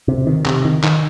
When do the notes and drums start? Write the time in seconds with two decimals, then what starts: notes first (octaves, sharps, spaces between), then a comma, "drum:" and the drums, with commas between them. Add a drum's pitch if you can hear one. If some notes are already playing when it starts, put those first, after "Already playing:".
0.08 C3
0.27 D#3
0.46 C3, drum: clap
0.65 D#3
0.84 D#3, drum: clap